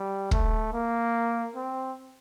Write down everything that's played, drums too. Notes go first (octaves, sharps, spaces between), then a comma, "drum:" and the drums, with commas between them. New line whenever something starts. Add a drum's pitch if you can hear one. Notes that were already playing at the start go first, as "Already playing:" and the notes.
Already playing: G3
A3, drum: kick
A#3
C4